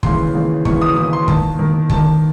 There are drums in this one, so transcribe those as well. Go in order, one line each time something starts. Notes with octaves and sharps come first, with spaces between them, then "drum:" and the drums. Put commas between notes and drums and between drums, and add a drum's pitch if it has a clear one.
D#2 C#3 E3 C6, drum: kick
D#2 C#3 E3
D#2 C#3 E3 C#6, drum: kick
D#6
D#2 C#3 E3 D#6
C6
D#2 D#3 A5, drum: kick
D#2 D#3
D#2 D#3 A5, drum: kick